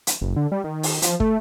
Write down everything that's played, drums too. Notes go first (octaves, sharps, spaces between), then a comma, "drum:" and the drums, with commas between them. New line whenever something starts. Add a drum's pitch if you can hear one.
drum: hi-hat
F#1
D3
G3
D#3
drum: open hi-hat
F3, drum: hi-hat
A3, drum: kick